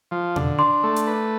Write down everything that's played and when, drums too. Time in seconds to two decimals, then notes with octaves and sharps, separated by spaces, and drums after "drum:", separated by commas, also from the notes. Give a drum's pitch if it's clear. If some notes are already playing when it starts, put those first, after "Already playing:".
0.11 F3
0.36 D3, drum: tom
0.59 D4 C6
0.83 A3
0.96 drum: hi-hat
1.07 B4